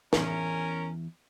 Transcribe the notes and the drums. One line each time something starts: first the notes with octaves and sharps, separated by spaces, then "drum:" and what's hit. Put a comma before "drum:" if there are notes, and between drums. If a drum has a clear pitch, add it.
E2 C#4 A#4, drum: snare